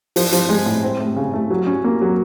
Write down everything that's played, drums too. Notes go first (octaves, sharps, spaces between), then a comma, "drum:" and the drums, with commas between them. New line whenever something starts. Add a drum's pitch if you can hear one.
F3, drum: open hi-hat
F3, drum: hi-hat
G#3
A2
C4
A3
C#3
A3
F#3
C#4
A#3
F#3